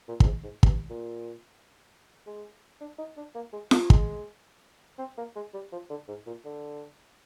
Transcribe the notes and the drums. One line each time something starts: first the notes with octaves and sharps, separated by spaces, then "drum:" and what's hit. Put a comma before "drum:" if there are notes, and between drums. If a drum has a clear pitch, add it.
A#2
A#2, drum: kick
G#2
G#2
G2, drum: kick
A#2
G#3
D4
D#4
D4
A#3
G#3
A#3, drum: snare F4
G#3, drum: kick
C4
A#3
G#3
G3
F3
D3
G#2
A#2
D3